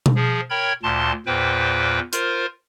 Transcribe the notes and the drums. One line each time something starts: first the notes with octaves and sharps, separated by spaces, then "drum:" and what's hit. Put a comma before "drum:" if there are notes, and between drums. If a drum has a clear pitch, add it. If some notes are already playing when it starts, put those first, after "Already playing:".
drum: tom B2
F3 G#4
A#4 C#5 G5 B5 G#6
D2 A#2 A5 C6
E2 A#2 B4 C5 G5
F4 A#4 C5, drum: hi-hat